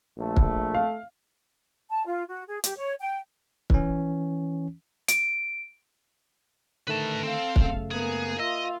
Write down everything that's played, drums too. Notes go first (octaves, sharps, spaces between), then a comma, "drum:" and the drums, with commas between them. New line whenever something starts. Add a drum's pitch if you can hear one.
A#1 A3
drum: kick
F5
A5
F4
F#4
G#4
G4, drum: hi-hat
C#5
G5
E3 C#4, drum: kick
D7, drum: hi-hat
D3 D#3 A3 B4 A5
C4 A4 F5
F#2 C#3 A3, drum: kick
A#3 B3 G#4
F4 D#5 E5 E6